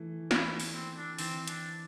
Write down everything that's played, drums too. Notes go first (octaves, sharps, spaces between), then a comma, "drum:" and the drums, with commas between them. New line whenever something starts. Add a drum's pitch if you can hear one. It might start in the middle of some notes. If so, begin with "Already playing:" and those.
Already playing: E3 A3
E4, drum: snare
drum: open hi-hat
C4
D4
E3 C4, drum: open hi-hat
D4, drum: hi-hat